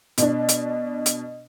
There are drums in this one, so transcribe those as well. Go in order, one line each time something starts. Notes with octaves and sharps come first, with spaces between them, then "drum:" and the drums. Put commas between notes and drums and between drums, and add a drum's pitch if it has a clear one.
B2 D4, drum: hi-hat
drum: hi-hat
drum: hi-hat